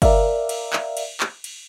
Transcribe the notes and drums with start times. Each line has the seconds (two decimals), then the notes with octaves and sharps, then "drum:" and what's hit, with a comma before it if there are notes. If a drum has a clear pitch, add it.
0.02 A#4 D5 E5 F5, drum: kick G1, cymbal
0.49 drum: cymbal
0.73 drum: clap
0.97 drum: cymbal
1.20 drum: clap
1.44 drum: cymbal